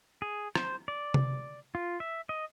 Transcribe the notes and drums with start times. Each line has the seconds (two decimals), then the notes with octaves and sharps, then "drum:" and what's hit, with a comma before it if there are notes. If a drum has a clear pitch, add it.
0.22 G#4
0.55 C5, drum: rim click
0.88 D5
1.14 drum: tom C3
1.75 F4
2.00 E5
2.29 D#5